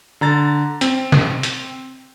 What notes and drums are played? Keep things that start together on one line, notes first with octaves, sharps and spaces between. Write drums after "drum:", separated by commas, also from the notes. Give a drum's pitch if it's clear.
D3 A#5 A6
C4, drum: hi-hat
drum: snare
drum: hi-hat